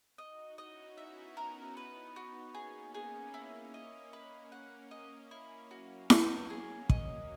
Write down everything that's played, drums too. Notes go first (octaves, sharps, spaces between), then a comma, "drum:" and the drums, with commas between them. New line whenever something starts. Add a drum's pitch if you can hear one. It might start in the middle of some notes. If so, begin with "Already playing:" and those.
D#4 F#4 D#5
C#4 E4 D#5
B3 D#4 E5
A#4
B4
F#4
A#3 C#4 G#4
G#4
E4
D#5
A#3 C#4 B4
F#5
D#5
E4
F#3 F#4
F#4, drum: snare E4
G#4
D#5, drum: kick